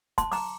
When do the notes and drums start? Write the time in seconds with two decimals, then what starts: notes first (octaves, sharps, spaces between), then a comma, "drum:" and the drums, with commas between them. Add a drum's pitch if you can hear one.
0.18 A5 C6, drum: kick, hi-hat
0.32 A#5 D6, drum: open hi-hat